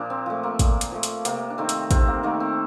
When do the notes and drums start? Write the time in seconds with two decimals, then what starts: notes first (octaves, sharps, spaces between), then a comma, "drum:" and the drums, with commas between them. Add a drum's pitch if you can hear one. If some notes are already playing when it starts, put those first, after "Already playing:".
Already playing: A#2 F3 A#3 D4
0.10 C4
0.26 F3 A3
0.43 A#3
0.59 A#2, drum: kick, hi-hat
0.81 drum: hi-hat
0.92 F3 A3
1.03 drum: hi-hat
1.25 C3 A#3, drum: hi-hat
1.50 D4
1.58 D#3 A3 C4
1.69 drum: hi-hat
1.91 C3 C4, drum: kick, hi-hat
2.07 A#3
2.23 D#3 A3 A#3
2.40 C4